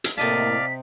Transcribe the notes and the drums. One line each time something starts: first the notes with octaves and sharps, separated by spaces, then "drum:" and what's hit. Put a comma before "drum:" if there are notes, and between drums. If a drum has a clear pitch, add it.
drum: hi-hat
A2 C3 A#3 D5 D#5 F5 A5 B6